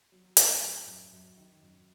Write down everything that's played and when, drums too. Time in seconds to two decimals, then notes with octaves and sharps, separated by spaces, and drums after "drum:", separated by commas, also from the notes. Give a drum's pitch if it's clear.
0.12 F#3
0.37 A2, drum: hi-hat
0.62 F#3
0.87 F#2
1.12 F#2
1.37 D#3
1.63 F#2